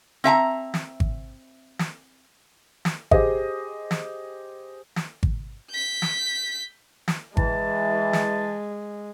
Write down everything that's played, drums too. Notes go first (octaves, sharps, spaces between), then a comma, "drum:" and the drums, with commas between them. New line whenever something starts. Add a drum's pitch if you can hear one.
C4 E5 A5 A#5
drum: snare
drum: kick G#1
drum: snare
drum: snare
G4 G#4 C5 D#5, drum: kick G#1
drum: snare
drum: snare
drum: kick G#1
G6 B6
drum: snare
drum: snare
E3 G#3 A5, drum: kick G#1
drum: snare